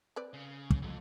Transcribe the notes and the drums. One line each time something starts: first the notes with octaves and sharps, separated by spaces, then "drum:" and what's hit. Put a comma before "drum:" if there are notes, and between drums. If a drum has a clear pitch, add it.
C4 B4 D5
C#3
drum: kick
B1 F2